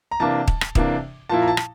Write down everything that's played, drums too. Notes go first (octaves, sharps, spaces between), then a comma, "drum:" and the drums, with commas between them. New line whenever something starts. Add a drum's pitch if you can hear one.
A#5
C3 E3 A#3 D4 A5
drum: kick
drum: rim click
C3 E3 A#3 D4, drum: kick
A#2 F3 A#3 E4 A5
A#5
A5
drum: rim click